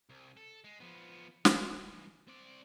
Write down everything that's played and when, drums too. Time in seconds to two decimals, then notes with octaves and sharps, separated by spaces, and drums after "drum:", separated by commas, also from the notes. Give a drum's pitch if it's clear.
0.09 C2
0.37 A4
0.64 G#3
0.80 F3 B3
1.45 G2 E3, drum: snare
2.28 C4 D5